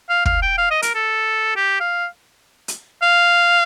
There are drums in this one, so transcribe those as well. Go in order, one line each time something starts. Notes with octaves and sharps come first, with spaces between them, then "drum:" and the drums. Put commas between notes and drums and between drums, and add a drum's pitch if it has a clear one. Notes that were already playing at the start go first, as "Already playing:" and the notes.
F5
F5, drum: kick
G5
F5
D#5
A#4, drum: hi-hat
A4
G4
F5
drum: hi-hat
F5